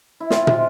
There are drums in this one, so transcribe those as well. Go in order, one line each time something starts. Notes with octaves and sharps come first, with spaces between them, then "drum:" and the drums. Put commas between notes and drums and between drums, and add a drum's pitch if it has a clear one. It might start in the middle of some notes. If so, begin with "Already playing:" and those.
E4
C3 F4, drum: snare
G#3, drum: tom